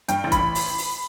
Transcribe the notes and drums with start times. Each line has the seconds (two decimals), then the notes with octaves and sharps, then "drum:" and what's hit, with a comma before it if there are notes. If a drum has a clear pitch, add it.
0.08 G2 G5, drum: hi-hat
0.24 A1
0.32 B5, drum: kick, hi-hat
0.39 A1
0.55 drum: open hi-hat
0.78 drum: open hi-hat